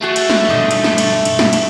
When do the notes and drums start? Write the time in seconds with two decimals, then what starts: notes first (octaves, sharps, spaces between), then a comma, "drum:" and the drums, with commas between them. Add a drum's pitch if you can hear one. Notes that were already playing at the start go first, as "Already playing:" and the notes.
0.02 A3 F#4 G#4
0.16 drum: cymbal
0.30 drum: snare
0.49 G2 B2 D3 D#4
0.71 drum: cymbal
0.84 drum: snare
0.98 drum: cymbal
1.25 drum: cymbal
1.39 drum: snare
1.53 drum: cymbal